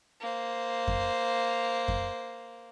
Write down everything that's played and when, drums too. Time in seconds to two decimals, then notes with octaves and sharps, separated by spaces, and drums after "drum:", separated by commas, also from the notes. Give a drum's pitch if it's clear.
0.21 A#3 C5
0.88 drum: kick F2
1.88 drum: kick F2